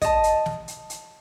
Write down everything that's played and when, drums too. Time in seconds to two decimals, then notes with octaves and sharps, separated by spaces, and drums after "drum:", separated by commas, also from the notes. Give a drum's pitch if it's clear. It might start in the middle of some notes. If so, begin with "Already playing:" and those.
0.02 D#5 A5, drum: kick, hi-hat
0.24 drum: hi-hat
0.46 drum: snare
0.68 drum: hi-hat
0.90 drum: hi-hat